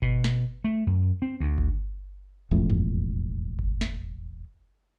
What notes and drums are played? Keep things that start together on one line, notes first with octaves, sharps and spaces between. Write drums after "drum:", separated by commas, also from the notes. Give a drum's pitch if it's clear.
B2, drum: kick G1
drum: snare
A3
F#2
C4
D2
drum: kick G1
E1 A1 F2 A3
drum: tom F#2
drum: kick G1
drum: snare